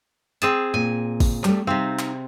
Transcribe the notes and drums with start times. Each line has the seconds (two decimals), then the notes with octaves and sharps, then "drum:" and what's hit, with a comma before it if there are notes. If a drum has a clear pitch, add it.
0.42 C4 G#4 A5, drum: hi-hat
0.74 A#2 G#5
1.20 drum: kick, open hi-hat
1.45 G3 A3, drum: clap
1.67 C3 C4 D#4 F5
1.99 drum: clap